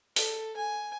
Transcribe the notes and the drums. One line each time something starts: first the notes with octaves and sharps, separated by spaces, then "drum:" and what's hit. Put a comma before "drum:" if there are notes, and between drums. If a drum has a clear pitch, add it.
A4, drum: open hi-hat
G#5